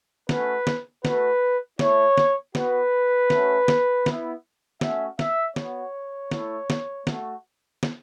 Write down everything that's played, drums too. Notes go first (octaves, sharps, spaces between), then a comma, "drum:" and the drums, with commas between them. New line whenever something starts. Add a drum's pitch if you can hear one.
A3 C#4 F#4 B4, drum: snare
drum: snare
A3 F#4 B4, drum: snare
A3 E4 C#5, drum: snare
drum: snare
B3 F#4 B4, drum: snare
A3 C#4 F#4, drum: snare
drum: snare
B3 E4, drum: snare
A3 C#4 F#4 E5, drum: snare
E5, drum: snare
B3 F#4 C#5, drum: snare
A3 E4, drum: snare
drum: snare
A3 F#4, drum: snare
drum: snare